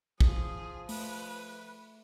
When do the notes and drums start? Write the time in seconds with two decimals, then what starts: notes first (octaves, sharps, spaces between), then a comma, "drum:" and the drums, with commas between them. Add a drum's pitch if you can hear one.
0.20 F3 G#4, drum: kick
0.89 A3 B4, drum: open hi-hat